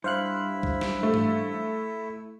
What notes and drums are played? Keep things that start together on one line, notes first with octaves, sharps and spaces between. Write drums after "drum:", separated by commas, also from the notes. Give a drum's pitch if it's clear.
G2 E4 C5 F5 F#6
drum: kick
drum: snare
A3
drum: tom